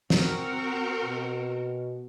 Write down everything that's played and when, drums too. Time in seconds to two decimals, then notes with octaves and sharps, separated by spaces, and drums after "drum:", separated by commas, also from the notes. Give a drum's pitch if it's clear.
0.10 C4 F#4 A#4, drum: snare
1.05 B2